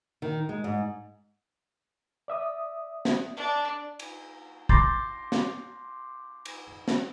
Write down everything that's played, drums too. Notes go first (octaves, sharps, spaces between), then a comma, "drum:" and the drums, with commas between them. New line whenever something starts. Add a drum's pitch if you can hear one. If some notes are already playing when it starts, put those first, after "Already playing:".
D#3
G#3
G#2
D5 E5 D#6
drum: snare
D4
drum: cymbal
C6 D6 G6 A6 A#6 C7, drum: kick
drum: snare
drum: cymbal
drum: snare